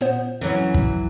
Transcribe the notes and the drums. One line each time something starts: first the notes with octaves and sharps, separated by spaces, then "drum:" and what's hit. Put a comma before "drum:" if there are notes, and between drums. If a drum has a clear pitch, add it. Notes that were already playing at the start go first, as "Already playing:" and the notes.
A#2 B3 C5
F2 E3 F#3 C#4
drum: kick